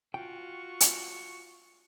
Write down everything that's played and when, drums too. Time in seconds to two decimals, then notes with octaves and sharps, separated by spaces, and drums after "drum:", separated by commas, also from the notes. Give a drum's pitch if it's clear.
0.14 F4 F#4 G5 C#6
0.80 drum: hi-hat